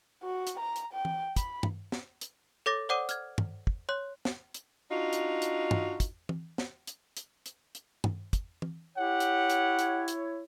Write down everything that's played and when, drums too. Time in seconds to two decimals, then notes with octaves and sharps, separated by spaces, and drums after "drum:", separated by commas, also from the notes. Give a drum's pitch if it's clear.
0.23 F#4
0.47 drum: hi-hat
0.59 A#5
0.76 drum: hi-hat
0.93 G5
1.05 drum: tom
1.36 B5, drum: kick, hi-hat
1.63 drum: tom
1.92 drum: snare
2.21 drum: hi-hat
2.66 A4 C#5 D6 A6 A#6
2.89 C5 D5 F#5 D6 D#6 D#7
3.09 F6 G#6, drum: hi-hat
3.38 drum: tom
3.67 drum: kick
3.89 C#5 C6 F#6
4.25 drum: snare
4.54 drum: hi-hat
4.91 D4 D#4 F4 F#4
5.13 drum: hi-hat
5.42 drum: hi-hat
5.71 drum: tom
6.00 drum: kick, hi-hat
6.29 drum: tom
6.58 drum: snare
6.87 drum: hi-hat
7.17 drum: hi-hat
7.46 drum: hi-hat
7.75 drum: hi-hat
8.04 drum: tom
8.33 drum: kick, hi-hat
8.62 drum: tom
8.97 E4 G4 C#5 F#5
9.20 drum: hi-hat
9.50 drum: hi-hat
9.79 drum: hi-hat
10.08 drum: hi-hat